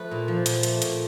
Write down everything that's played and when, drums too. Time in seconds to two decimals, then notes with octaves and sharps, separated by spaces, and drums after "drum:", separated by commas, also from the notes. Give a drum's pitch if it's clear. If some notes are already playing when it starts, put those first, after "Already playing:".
Already playing: F3 A3 B4
0.11 A#2
0.28 F3
0.46 A#2, drum: hi-hat
0.63 A3, drum: hi-hat
0.82 A#2, drum: hi-hat